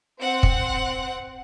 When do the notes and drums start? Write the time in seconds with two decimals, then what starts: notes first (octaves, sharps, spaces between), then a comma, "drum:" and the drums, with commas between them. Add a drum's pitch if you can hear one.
0.20 C4 F#5
0.43 drum: kick